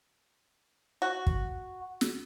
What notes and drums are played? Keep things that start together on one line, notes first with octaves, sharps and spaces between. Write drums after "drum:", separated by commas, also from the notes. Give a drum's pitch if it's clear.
F#4
drum: kick
drum: snare